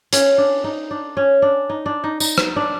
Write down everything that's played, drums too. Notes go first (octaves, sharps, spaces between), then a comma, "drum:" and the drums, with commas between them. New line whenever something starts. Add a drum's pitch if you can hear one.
C#4, drum: hi-hat
D4
D#4
D4
C#4
D4
D#4
D4
D#4
D#4, drum: tambourine
drum: rim click
D4